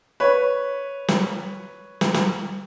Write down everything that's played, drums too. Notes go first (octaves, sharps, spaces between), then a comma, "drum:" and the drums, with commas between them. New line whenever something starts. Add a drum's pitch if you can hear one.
B4 C#5
drum: snare
drum: snare
drum: snare